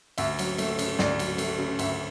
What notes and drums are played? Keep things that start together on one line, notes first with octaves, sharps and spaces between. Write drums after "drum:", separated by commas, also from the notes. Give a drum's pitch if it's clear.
D2 E5, drum: cymbal
F#3, drum: cymbal
A3, drum: cymbal
C#3, drum: cymbal
D2 D5, drum: snare
F#3, drum: cymbal
A3, drum: cymbal
C#3
D2 E5, drum: cymbal